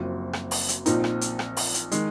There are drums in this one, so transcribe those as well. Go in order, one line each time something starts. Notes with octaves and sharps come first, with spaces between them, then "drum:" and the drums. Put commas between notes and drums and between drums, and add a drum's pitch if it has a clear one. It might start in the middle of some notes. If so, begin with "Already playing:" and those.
Already playing: F#1 F#2 F3 C4
drum: rim click
drum: open hi-hat
drum: hi-hat
A#1 A#2 F3 C4 D#4, drum: hi-hat
drum: rim click
drum: hi-hat
drum: rim click
drum: open hi-hat
drum: hi-hat
D#3 G#3, drum: hi-hat